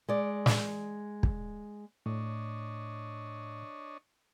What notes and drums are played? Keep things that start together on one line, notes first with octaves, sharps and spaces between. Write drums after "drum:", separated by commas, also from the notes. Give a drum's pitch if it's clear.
G#3 D5
drum: snare
drum: kick
A2 D4 C#5 D#5